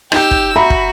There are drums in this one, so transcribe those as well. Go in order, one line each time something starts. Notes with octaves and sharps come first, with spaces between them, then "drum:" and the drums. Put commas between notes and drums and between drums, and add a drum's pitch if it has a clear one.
D#4 G4 E6 G6, drum: rim click
drum: kick
F#4 E5 A#5 B5
drum: kick